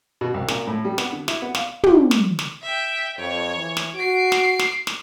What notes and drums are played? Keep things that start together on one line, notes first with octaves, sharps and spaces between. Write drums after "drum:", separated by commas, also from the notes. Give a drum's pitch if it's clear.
B2
C2
A#2, drum: snare
A2
G3
B3, drum: snare
D3
E4, drum: snare
B3
F5, drum: snare
drum: tom
drum: snare
drum: snare
E5 G5
F2 C#5
E3
drum: snare
F#4 C7 D7
drum: snare
drum: snare
drum: snare